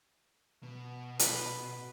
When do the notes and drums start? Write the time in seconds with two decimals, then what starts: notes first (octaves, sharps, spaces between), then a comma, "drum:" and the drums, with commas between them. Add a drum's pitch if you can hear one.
0.63 B2
1.19 B4, drum: hi-hat